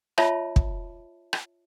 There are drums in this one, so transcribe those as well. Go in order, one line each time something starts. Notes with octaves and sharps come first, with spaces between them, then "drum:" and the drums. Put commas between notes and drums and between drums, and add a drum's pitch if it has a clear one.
F4 C#5 D#5 E5 A5 B5, drum: rim click
drum: kick
drum: rim click